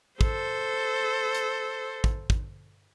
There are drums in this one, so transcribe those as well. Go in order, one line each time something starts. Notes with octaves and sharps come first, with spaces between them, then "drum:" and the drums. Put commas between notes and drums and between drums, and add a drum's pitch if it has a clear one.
A4 C5, drum: kick
drum: hi-hat
drum: kick
drum: kick